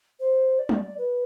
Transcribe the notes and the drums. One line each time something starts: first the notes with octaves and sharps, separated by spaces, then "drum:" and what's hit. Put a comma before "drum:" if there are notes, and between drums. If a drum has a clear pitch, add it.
C5
D5
drum: tom
B4